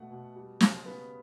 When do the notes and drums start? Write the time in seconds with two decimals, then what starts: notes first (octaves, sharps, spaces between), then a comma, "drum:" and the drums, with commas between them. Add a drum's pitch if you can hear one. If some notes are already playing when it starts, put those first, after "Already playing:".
Already playing: B2 A3 F#5
0.10 B2
0.36 G3
0.60 C#3, drum: snare
0.86 B3